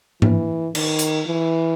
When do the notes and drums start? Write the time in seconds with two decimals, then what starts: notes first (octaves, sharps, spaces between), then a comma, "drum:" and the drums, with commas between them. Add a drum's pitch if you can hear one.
0.22 E3, drum: tom
0.75 D#3, drum: cymbal
0.99 drum: hi-hat
1.27 E3